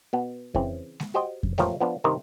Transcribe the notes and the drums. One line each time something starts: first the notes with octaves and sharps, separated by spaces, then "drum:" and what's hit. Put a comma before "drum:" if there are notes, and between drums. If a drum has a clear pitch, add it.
B2 B3
C#3 E3 C4, drum: kick F2
drum: snare G#3
F#4 G4 C5 D#5 G5
drum: kick F2
A1 F3 A3 A#4 C#5 G5, drum: snare G#3
F3 B3 D4
G2 C3 D#3 C4 A#4